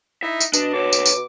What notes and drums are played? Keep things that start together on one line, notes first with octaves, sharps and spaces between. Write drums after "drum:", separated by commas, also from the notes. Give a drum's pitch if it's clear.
D#4 E4 E5
drum: tambourine
B2 D4 D#5, drum: tambourine
F#4 A4 C#5 D6
drum: tambourine
drum: tambourine